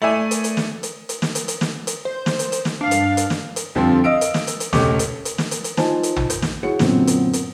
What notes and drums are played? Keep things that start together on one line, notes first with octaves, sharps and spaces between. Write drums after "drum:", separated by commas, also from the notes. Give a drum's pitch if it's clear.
A3 E4 D5 E5 G#5
drum: hi-hat
drum: hi-hat
drum: snare
drum: hi-hat
drum: hi-hat
drum: snare
drum: hi-hat
drum: hi-hat
drum: snare
drum: hi-hat
C5
drum: snare
drum: hi-hat
drum: hi-hat
drum: snare
G2 D4 F5
drum: hi-hat
drum: hi-hat
drum: snare
drum: hi-hat
F2 D3 F3 G3 C4
D#5 F5 E6 D7
drum: hi-hat
drum: snare
drum: hi-hat
drum: hi-hat
E1 C#2 A3 C#4 G4 D6, drum: snare
drum: hi-hat
drum: hi-hat
drum: snare
drum: hi-hat
drum: hi-hat
D#4 F4 C5 G#5 A5, drum: snare
drum: hi-hat
drum: tom
G6, drum: hi-hat
drum: snare
E4 F#4 G#4 C#5 C#7
F#2 A#2 D3 F#3 B3 C4, drum: snare
drum: hi-hat
drum: hi-hat